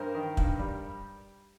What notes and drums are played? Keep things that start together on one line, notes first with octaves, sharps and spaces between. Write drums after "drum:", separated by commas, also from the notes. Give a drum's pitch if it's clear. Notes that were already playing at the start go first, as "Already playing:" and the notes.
Already playing: G2 A#4 C5
D#3
G2, drum: kick
G3